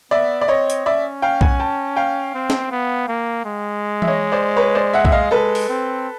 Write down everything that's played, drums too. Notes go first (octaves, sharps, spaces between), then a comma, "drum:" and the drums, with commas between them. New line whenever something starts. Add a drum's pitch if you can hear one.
B3 D5 E5
D5
C4 C#5 D#5
drum: hi-hat
C#4 D5 E5
F5 G5
F#5 G#5, drum: kick B1
G5 A5
F5 G5
C4
drum: snare
B3
A#3
G#3
E5, drum: tom E3
C#5 D#5
C5 D5
B4 C#5
C5 D5
E5 F#5
E5, drum: kick B1
D#5 F5
G#3 A4 B4
drum: open hi-hat
C4